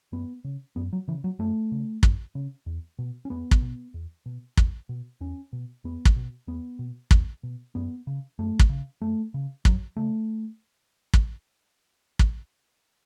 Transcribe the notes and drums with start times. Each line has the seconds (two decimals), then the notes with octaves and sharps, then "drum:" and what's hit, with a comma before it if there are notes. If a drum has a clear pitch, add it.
0.12 F#2 B3
0.44 C#3
0.76 F#2 B3
0.93 F#3
1.08 C#3 E3
1.24 F#3
1.39 F#2 A3
1.72 C#3
2.03 F#2, drum: kick
2.35 C#3
2.66 E2
2.99 B2
3.25 C#4
3.30 E2 B3
3.51 drum: kick
3.62 B2
3.94 E2
4.26 B2
4.57 E2, drum: kick
4.89 B2
5.21 E2 C#4
5.53 B2
5.84 E2 B3
6.05 drum: kick
6.16 B2
6.47 E2 B3
6.79 B2
7.11 E2, drum: kick
7.43 B2
7.75 F#2 B3
8.07 C#3
8.39 F#2 A3
8.59 drum: kick
8.69 C#3
9.02 F#2 A3
9.34 C#3
9.65 F#2 F#3, drum: kick
9.97 C#3 A3
11.14 drum: kick
12.19 drum: kick